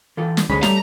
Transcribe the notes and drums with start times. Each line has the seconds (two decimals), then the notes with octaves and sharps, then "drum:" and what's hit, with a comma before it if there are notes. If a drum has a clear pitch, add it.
0.17 E3 F4 A4
0.37 drum: snare
0.50 D2 G#3 C#4 C#5 B5
0.63 G3 A3 A#5, drum: snare